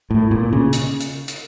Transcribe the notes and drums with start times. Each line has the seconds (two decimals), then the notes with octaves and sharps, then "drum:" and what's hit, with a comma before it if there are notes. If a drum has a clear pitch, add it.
0.10 A2
0.31 A#2
0.53 C#3
0.73 drum: hi-hat
1.00 drum: hi-hat
1.28 drum: hi-hat